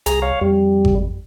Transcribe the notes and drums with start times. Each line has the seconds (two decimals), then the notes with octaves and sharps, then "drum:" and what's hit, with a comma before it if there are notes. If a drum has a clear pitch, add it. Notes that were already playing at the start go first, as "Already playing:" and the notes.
0.06 C2 G#4 A#5, drum: hi-hat
0.22 C#5 F5
0.41 F2 G3
0.85 drum: kick G#1